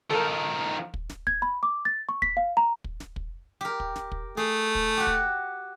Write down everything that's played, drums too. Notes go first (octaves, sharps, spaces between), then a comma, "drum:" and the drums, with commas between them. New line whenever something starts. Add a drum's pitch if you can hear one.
D#3 F3 A4 A#4
drum: kick
drum: snare
G#6, drum: kick
B5
D6
A6
C#6
B6, drum: kick
F5
A#5
drum: kick
drum: snare
drum: kick
G4 A#4
drum: kick
drum: snare
drum: kick
A3 G#4
drum: kick
F#4 G4
drum: kick